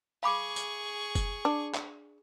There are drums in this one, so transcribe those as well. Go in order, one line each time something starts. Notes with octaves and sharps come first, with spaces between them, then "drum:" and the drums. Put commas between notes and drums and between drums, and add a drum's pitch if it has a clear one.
G#4 F5 B5 C#6 D6
drum: tambourine
drum: kick F#1, tambourine
D4
drum: clap